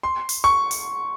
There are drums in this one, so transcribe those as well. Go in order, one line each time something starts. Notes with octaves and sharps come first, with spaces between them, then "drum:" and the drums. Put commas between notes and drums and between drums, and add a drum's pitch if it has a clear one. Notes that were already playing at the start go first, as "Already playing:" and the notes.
C6
drum: open hi-hat
C#6
drum: open hi-hat